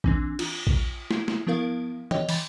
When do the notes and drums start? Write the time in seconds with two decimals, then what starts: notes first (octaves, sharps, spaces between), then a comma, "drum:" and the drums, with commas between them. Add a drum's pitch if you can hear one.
0.04 E3 C4 D4, drum: kick
0.39 F4, drum: cymbal
0.67 drum: kick
1.11 E4, drum: snare
1.28 drum: snare
1.47 F3 B3 E4 A#4 F5
2.11 C#5 D#5 G5, drum: tom
2.29 E3 B5 A6, drum: open hi-hat